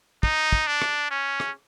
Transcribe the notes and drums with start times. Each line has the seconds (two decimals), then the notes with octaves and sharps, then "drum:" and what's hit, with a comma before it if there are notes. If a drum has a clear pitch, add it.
0.23 D#4, drum: kick
0.52 drum: kick
0.67 D4
0.82 drum: rim click
1.11 C#4
1.40 drum: rim click